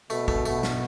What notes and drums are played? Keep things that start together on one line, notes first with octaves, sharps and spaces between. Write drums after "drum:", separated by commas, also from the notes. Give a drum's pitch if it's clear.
B2 A3, drum: tambourine
A3, drum: kick
B2 A3, drum: tambourine
drum: snare